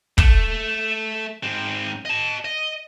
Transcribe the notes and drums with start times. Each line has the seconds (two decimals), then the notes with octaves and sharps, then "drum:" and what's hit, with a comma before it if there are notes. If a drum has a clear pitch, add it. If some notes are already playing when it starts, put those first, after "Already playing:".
0.18 A3, drum: kick
1.43 G#2 C4
2.05 D#5 A5
2.45 D#5